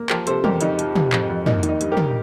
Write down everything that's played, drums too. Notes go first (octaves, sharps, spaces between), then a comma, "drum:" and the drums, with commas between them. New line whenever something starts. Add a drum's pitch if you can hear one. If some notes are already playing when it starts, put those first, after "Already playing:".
Already playing: A#3
F3 G4 A#4, drum: clap
C3 A4 C5, drum: hi-hat
F2 G4 A#4, drum: tom
F2 D#4, drum: hi-hat
F3, drum: hi-hat
C3, drum: tom
F2, drum: clap
F2
A#3 D#4, drum: tom
D#3, drum: hi-hat
D#4
G2, drum: hi-hat
G4 A#4
G2, drum: tom